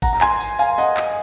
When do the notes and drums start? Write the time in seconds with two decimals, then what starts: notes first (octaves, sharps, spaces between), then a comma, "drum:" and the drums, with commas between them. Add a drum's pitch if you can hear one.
0.02 F#5 A#5, drum: kick, tambourine
0.13 A#5
0.21 G#5 C6, drum: clap
0.40 drum: tambourine
0.59 F5 G#5, drum: tambourine
0.78 D#5 F#5, drum: tambourine
0.97 drum: clap